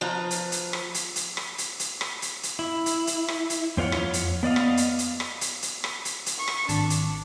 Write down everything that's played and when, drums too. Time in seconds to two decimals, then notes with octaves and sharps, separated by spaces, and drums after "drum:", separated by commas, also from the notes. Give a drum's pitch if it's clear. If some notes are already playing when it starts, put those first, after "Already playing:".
0.01 F3 F4 B4 A#5
0.31 drum: hi-hat
0.52 drum: hi-hat
0.73 drum: rim click
0.94 drum: hi-hat
1.16 drum: hi-hat
1.37 drum: rim click
1.58 drum: hi-hat
1.79 drum: hi-hat
2.01 drum: rim click
2.22 drum: hi-hat
2.43 drum: hi-hat
2.59 E4
2.86 drum: hi-hat
3.07 drum: hi-hat
3.28 drum: rim click
3.50 drum: hi-hat
3.77 F2 C4 F4 C#5 F#5
3.92 drum: rim click
4.14 drum: hi-hat
4.43 B3 D5 D#5 F5
4.56 drum: rim click
4.77 drum: hi-hat
4.99 drum: hi-hat
5.20 drum: rim click
5.41 drum: hi-hat
5.62 drum: hi-hat
5.84 drum: rim click
6.05 drum: hi-hat
6.26 drum: hi-hat
6.38 C#6
6.48 drum: rim click
6.69 G#1 D4 A5, drum: hi-hat
6.90 drum: hi-hat